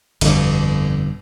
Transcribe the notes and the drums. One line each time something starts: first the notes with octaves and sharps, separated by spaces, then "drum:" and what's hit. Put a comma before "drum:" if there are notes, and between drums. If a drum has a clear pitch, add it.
G1 F2 B2, drum: cymbal